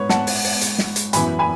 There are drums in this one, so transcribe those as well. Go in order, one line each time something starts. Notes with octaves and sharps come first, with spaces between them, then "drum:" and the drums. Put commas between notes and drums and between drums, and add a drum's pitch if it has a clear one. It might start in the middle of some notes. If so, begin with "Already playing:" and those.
Already playing: G#2 B4 C#5
F#5 A5, drum: snare
drum: open hi-hat
drum: open hi-hat
drum: hi-hat
drum: snare
drum: hi-hat
F#2 E3 B3 G#5 B5, drum: hi-hat
G#5 B5